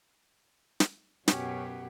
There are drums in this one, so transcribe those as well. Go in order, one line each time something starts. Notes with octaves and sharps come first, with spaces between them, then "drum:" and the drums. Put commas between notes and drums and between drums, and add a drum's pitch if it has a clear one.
drum: snare
F#2 B2 C#4 G4 F#5, drum: snare